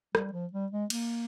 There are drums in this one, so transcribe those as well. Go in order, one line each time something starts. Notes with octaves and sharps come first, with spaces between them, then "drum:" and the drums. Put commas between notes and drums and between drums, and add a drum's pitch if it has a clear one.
G3, drum: rim click
F3
G3
G#3
A#3, drum: cymbal